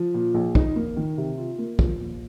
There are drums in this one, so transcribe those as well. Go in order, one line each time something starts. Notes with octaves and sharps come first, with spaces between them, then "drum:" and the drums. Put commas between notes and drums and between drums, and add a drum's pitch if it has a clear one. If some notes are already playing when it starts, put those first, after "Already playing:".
Already playing: F3
A#2
A#1
D#4, drum: kick
A#3
D#3
C3
F4
A#3
F3, drum: kick
A#2